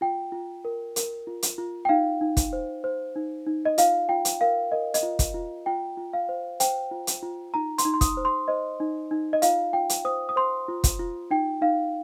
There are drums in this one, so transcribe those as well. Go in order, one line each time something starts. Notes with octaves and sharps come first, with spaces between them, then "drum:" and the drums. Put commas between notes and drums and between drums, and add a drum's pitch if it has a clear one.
F4 G5
F4
A#4
A#4, drum: hi-hat
F4
drum: hi-hat
F4
G5
D#4 F5
D#4
drum: kick, hi-hat
C5
C5
D#4
D#4
D#5
F4 F5, drum: hi-hat
F4 G5
drum: hi-hat
A#4 F5
A#4 D#5
D#5, drum: hi-hat
F4
drum: kick, hi-hat
F4
F4 G5
F4
F5
C5
C5 G5, drum: hi-hat
F4
drum: hi-hat
F4
D#4 A#5
C6, drum: hi-hat
D#4
C6
D#6, drum: kick, hi-hat
C5
C6
C5 D#5
D#4
D#4
D#5
F4 F5, drum: hi-hat
F4 G5
drum: hi-hat
C5 D#6
D#6
C5 C6
F4
drum: kick, hi-hat
F4
D#4 G5
D#4 F5